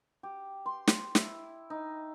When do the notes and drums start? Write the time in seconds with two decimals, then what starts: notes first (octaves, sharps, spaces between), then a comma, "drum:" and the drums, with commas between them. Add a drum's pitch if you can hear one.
0.23 G4
0.66 C6
0.87 drum: snare
1.15 E4, drum: snare
1.70 D#4